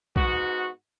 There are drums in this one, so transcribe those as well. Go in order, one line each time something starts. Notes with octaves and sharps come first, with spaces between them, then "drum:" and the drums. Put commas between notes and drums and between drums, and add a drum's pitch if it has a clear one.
G#2 B3 F#4, drum: kick B1